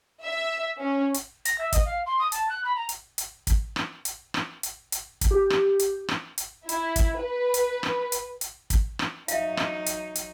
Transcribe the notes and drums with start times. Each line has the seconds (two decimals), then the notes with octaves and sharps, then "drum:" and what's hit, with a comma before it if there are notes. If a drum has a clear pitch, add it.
0.23 E5
0.78 C#4
1.14 drum: hi-hat
1.45 A#6, drum: hi-hat
1.58 E5
1.72 D#5, drum: kick, hi-hat
1.85 F5
2.06 C6
2.19 D#6
2.32 A5, drum: hi-hat
2.49 F#6
2.64 B5
2.76 A#5
2.89 drum: hi-hat
3.18 drum: hi-hat
3.47 drum: kick, hi-hat
3.76 drum: rim click
4.05 drum: hi-hat
4.34 drum: rim click
4.63 drum: hi-hat
4.92 drum: hi-hat
5.21 drum: kick, hi-hat
5.31 G4
5.50 drum: rim click
5.79 drum: hi-hat
6.09 drum: rim click
6.38 drum: hi-hat
6.69 E4, drum: hi-hat
6.96 drum: kick, hi-hat
7.21 B4
7.54 drum: hi-hat
7.83 drum: rim click
8.12 drum: hi-hat
8.41 drum: hi-hat
8.70 drum: kick, hi-hat
8.99 drum: rim click
9.28 F#3 D#4 E5 F5, drum: hi-hat
9.57 drum: rim click
9.86 drum: hi-hat
10.15 drum: hi-hat